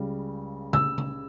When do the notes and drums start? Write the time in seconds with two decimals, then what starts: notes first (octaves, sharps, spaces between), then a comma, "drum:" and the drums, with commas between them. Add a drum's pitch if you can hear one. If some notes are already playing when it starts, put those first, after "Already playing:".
Already playing: C#2 C#3 G3
0.73 E6, drum: tom C#3
0.98 drum: tom C#3